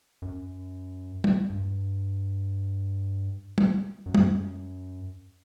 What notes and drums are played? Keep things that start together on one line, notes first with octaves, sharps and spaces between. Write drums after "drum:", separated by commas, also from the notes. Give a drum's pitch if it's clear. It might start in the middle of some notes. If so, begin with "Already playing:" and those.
F#2
drum: tom
G2
drum: tom
F#2
G2, drum: tom
F#2